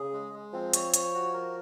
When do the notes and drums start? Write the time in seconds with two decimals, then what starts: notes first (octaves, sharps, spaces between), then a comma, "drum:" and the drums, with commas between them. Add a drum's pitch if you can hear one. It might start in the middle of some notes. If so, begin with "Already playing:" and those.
Already playing: C#3 G#4
0.13 G#3
0.34 G#3
0.53 F3 C4
0.73 C#5, drum: hi-hat
0.94 C#5, drum: hi-hat
1.14 F#4
1.33 A#4